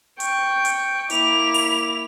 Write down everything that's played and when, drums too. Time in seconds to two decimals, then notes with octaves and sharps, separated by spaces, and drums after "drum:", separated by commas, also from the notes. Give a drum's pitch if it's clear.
0.20 G5 C#6, drum: hi-hat
0.65 drum: hi-hat
1.10 A#3 E4 D6 F7, drum: hi-hat
1.54 drum: open hi-hat